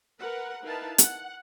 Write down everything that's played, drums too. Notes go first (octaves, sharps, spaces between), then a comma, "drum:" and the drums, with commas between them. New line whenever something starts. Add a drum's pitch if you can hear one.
A#4 B4 F#5
D#4 E4 A#4 B4 F5 A5
F#5, drum: hi-hat